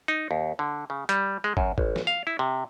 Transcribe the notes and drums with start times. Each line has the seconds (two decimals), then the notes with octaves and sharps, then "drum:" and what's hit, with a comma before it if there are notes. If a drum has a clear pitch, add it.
0.08 D#4
0.31 D#2
0.59 D3
0.90 C#3
1.09 G3, drum: hi-hat
1.44 G#3
1.57 F#2, drum: kick
1.78 A1, drum: kick
1.96 drum: snare
2.07 F5
2.27 E4
2.39 C3